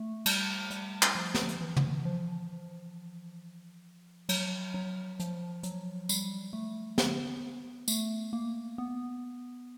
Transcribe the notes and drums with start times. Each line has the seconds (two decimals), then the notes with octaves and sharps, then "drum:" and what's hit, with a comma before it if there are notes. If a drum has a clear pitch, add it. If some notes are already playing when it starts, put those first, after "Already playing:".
Already playing: A3
0.26 G3, drum: cymbal
0.70 G3, drum: hi-hat
1.02 drum: clap
1.15 F3
1.34 drum: snare
1.49 drum: hi-hat
1.61 E3
1.76 drum: tom
2.05 F3
4.29 F#3, drum: cymbal
4.74 F#3
5.20 F3, drum: hi-hat
5.63 F#3, drum: hi-hat
6.09 G3, drum: tambourine
6.53 A3
6.98 B3, drum: snare
7.88 A3, drum: tambourine
8.33 A#3
8.78 B3